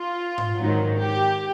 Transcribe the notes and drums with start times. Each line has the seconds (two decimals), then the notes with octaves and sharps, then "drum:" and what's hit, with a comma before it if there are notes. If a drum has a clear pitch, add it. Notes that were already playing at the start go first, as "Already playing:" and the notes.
Already playing: F4
0.38 drum: tom G#2
0.61 G#2 D#3 F#3
0.98 G4